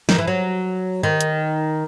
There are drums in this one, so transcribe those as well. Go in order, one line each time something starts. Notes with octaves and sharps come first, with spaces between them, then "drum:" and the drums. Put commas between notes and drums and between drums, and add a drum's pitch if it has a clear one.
D#3, drum: snare
E3
F#3
D#3
drum: hi-hat